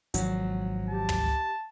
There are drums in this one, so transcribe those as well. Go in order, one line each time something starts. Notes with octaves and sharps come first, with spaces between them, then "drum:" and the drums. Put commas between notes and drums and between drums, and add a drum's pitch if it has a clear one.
G#1 F3 F#3, drum: hi-hat
G4 A5
drum: tom